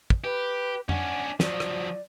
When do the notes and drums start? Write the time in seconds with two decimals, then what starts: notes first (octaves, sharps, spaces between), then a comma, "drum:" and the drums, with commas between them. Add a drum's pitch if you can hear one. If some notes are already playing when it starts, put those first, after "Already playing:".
0.10 drum: kick
0.24 G4 B4
0.89 C#4 D4 F#5, drum: tom F2
1.40 F3 F#3 D5, drum: snare
1.60 drum: rim click